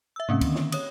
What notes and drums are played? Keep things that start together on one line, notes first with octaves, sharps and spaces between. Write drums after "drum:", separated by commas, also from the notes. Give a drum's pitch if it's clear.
E5 E6
G#2 C3 A3 A#3 C4 C#4
D3 D#3, drum: kick, cymbal
drum: snare
C#5 D#6, drum: cymbal